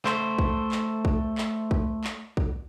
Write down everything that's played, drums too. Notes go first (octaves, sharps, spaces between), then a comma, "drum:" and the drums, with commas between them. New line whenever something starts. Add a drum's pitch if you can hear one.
A3 C5, drum: clap
drum: kick
drum: clap
drum: kick
drum: clap
drum: kick
drum: clap
drum: kick